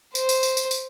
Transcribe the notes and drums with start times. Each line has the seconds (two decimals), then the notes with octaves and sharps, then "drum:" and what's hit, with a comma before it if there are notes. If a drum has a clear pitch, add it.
0.15 C5, drum: tambourine
0.29 drum: tambourine
0.43 drum: tambourine
0.57 drum: tambourine
0.71 drum: tambourine